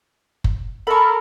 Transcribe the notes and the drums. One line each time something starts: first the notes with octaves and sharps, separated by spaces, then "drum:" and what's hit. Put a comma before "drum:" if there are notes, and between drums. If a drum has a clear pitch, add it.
drum: kick F#1
A4 A#4 B5 C#6